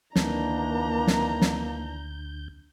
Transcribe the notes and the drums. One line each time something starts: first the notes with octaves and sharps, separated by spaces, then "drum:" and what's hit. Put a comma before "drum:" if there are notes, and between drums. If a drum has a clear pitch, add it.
D2 D#3 E3 A#3 D4 A#5 G6, drum: snare
drum: snare
drum: snare